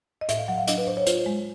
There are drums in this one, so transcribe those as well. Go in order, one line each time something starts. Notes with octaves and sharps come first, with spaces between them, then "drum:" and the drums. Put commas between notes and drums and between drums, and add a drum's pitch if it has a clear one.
D#5
A2 E5, drum: hi-hat
F5
F#3 F#5
F5
D4 D#5, drum: hi-hat
B4
A2 C5
C#5
F4 C5, drum: hi-hat
G#3